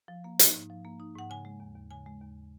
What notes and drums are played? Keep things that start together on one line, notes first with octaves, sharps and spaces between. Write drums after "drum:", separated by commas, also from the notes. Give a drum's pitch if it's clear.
F3
A#3
D#4, drum: hi-hat
G#2
F3
A#3
D#4
G#2 F#5
C#3 G#5
G#3
D#2
D#2
C#3 G#5
G#3
D#2